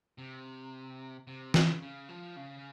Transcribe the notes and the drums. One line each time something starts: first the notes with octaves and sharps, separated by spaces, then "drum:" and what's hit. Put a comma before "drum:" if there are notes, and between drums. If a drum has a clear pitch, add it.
C3
C3
C#3, drum: snare E3
C#3
F3
C#3